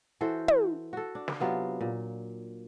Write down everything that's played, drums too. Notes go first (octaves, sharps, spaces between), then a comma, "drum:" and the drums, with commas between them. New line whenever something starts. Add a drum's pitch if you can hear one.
E3 F#4 A4 C5
drum: tom
F#4 A4
D4
drum: snare
C3 F#3 B3 F4
A#2